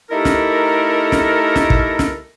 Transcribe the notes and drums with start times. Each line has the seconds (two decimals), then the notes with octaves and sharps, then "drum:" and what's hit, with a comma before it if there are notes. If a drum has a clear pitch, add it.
0.11 A3 D#4 E4 G4 A4 A#4
0.25 drum: snare
1.12 drum: snare
1.56 drum: snare
1.70 drum: kick
1.99 drum: snare